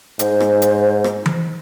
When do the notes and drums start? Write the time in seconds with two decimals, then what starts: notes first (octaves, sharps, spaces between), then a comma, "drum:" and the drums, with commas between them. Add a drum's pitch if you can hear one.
0.19 G#2 C5, drum: hi-hat
0.40 drum: rim click
0.62 drum: hi-hat
1.04 drum: rim click
1.26 drum: tom E3